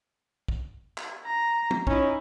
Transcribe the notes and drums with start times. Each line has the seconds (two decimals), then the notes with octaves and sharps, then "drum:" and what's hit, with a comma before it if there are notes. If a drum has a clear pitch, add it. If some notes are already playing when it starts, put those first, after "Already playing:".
0.48 drum: kick
0.98 drum: clap
1.24 A#5
1.71 drum: tom
1.87 C#4 D#4 E4, drum: kick